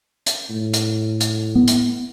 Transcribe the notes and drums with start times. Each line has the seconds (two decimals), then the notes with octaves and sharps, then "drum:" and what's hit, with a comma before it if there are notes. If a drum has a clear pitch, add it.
0.26 drum: hi-hat
0.50 A2
0.73 drum: hi-hat
1.20 drum: hi-hat
1.55 B3
1.68 drum: hi-hat